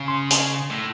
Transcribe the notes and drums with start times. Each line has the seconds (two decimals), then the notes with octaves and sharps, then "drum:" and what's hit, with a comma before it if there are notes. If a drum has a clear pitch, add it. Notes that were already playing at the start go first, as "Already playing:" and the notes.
Already playing: C#3
0.08 C6
0.30 drum: hi-hat
0.70 A2